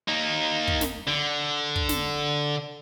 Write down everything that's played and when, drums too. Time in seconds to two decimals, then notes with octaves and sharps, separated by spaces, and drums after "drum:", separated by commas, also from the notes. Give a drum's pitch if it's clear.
0.08 A#3 D#4
0.67 drum: kick
0.81 drum: snare
1.08 D3
1.76 drum: kick
1.89 drum: snare